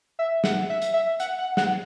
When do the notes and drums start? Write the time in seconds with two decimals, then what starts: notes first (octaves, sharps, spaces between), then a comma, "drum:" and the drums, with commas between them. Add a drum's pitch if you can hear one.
0.19 E5
0.44 F#5, drum: snare
0.70 E5
0.82 drum: hi-hat
0.94 E5
1.20 F#5, drum: hi-hat
1.39 F#5
1.57 F#5, drum: snare